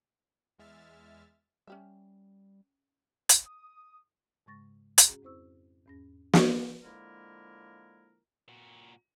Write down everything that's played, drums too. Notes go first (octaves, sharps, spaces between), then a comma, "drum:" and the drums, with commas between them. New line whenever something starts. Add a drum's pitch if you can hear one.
E2 G#3 E5 F6 A6
G3 C#4 G4 E5
drum: hi-hat
D#6
G#2 C#3 G#3 C#6 A6 A#6
drum: hi-hat
C#4 F#4 G#4 A#5
F2 C4 E4 C5 C#6 E6
E2 G#2 C#4 G#4 A#6
drum: snare
D3 F3 G#3 A#3 E4 A#4
A#2 F#4